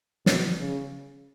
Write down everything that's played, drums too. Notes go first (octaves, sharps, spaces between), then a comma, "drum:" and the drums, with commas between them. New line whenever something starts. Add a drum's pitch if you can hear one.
B2, drum: snare
C#3